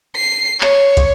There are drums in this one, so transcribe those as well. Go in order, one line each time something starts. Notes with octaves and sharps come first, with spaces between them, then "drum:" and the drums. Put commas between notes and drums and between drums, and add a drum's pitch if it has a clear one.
C7
C#5, drum: clap
drum: kick, hi-hat